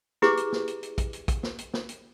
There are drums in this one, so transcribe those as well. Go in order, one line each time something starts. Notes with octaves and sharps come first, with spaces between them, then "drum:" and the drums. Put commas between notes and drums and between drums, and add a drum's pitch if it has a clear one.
E4 G4 G#4 B4 D6, drum: snare
drum: hi-hat
drum: snare
drum: hi-hat
drum: hi-hat
drum: kick, hi-hat
drum: hi-hat
drum: kick, hi-hat
drum: snare
drum: hi-hat
drum: snare
drum: hi-hat